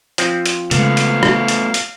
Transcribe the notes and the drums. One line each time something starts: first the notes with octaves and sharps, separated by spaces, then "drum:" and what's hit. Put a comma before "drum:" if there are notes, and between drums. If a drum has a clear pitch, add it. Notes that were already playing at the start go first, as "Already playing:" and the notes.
F3 C4, drum: hi-hat
drum: hi-hat
C#3 G#3 A3 B3 F5, drum: hi-hat
drum: hi-hat
drum: rim click
drum: hi-hat
drum: hi-hat